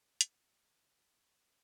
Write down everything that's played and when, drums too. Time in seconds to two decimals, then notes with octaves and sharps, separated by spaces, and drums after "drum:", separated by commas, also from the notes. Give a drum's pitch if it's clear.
0.09 F3
0.21 drum: hi-hat